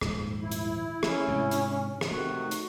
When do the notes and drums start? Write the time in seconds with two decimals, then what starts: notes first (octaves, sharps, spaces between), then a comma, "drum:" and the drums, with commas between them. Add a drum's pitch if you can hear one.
0.01 D#1 G#2 F3, drum: rim click
0.42 E4
0.51 drum: hi-hat
1.03 A3 C#4, drum: rim click
1.28 G#2 C3
1.51 drum: hi-hat
2.01 drum: rim click
2.11 C3 D#3 A3 F#4
2.51 drum: hi-hat